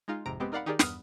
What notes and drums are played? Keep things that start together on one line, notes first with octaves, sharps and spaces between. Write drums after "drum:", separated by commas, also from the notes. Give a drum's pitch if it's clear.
G#3 D#4 F4
G#1 F2 G#2 C3 A#5 D7
G#3 B3 C4 G4
D#4 A#4 D5 F5 F#5 B5
D#3 D#4 G4 G#4 A#4 D5
E2 G2 B3 D#6 F6, drum: snare